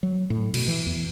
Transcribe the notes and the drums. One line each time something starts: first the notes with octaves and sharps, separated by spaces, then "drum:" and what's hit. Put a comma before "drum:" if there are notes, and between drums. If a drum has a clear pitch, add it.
F#3
A2
B2, drum: cymbal
E3
E2